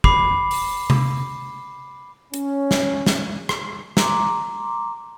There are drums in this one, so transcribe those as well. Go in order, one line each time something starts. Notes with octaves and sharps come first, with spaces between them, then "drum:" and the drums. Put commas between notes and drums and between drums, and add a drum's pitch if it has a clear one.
B5 D6 C7, drum: kick
drum: open hi-hat
drum: tom C3
C#4, drum: hi-hat
drum: snare
drum: snare
drum: rim click
A#5 C6 D6, drum: snare